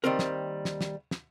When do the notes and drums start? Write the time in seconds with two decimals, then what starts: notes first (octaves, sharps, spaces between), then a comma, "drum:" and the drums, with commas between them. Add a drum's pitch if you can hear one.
0.04 D#3 G3 A#3 C4 A#4
0.19 drum: snare
0.65 drum: snare
0.81 drum: snare
1.11 drum: snare